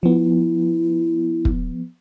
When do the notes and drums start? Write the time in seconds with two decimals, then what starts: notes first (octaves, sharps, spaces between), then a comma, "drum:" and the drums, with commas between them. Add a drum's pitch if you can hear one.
0.03 F3 B3 E4
1.45 drum: kick